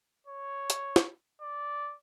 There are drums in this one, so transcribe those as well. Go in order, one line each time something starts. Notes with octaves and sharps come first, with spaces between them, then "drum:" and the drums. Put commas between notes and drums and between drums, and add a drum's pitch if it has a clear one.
C#5
drum: hi-hat
drum: snare
D5